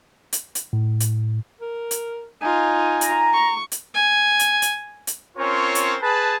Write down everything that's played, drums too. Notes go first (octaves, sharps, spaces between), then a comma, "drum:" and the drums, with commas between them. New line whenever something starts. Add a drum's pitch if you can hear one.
drum: hi-hat
drum: hi-hat
A2
drum: hi-hat
A#4
drum: hi-hat
D#4 F4 G#5
A#5, drum: hi-hat
C#6
drum: hi-hat
G#5
drum: hi-hat
drum: hi-hat
drum: hi-hat
C4 C#4 F4 A#4 C5 C#5
drum: hi-hat
G#4 B4 A5